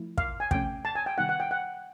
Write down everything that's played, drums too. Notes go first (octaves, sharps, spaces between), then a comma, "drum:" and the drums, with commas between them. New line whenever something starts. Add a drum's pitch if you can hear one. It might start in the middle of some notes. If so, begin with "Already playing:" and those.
Already playing: F3 A3 E4
F5, drum: kick
G#5
C3 F3 A3 C#4 G5, drum: kick
A5
G#5
G5
C3 D#3 G3 B3 D#4 F#5
F#5
G5
F#5